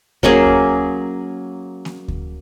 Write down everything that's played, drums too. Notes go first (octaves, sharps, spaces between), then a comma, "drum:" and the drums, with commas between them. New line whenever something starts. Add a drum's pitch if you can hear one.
F#3 A#3 C#4 G#4, drum: kick D2
drum: kick D2
drum: snare A#3
drum: kick D2